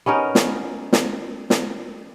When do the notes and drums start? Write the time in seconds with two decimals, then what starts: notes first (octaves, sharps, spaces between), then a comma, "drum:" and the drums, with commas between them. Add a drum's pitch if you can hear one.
0.06 B3 C#4 D#4 A#4
0.35 drum: snare
0.93 drum: snare
1.50 drum: snare